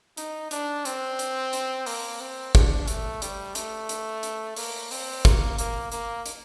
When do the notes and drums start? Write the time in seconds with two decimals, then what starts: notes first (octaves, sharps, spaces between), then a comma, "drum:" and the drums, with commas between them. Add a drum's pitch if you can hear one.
0.17 D#4, drum: hi-hat
0.51 D4, drum: hi-hat
0.85 C4, drum: hi-hat
1.19 drum: hi-hat
1.53 drum: hi-hat
1.86 A#3, drum: open hi-hat
2.20 C4
2.55 D4, drum: kick, hi-hat
2.88 A3, drum: hi-hat
3.22 G3, drum: hi-hat
3.55 A3, drum: hi-hat
3.89 drum: hi-hat
4.23 drum: hi-hat
4.56 A#3, drum: open hi-hat
4.91 C4, drum: open hi-hat
5.25 A#3, drum: kick, hi-hat
5.58 A#3, drum: hi-hat
5.92 A#3, drum: hi-hat
6.26 drum: hi-hat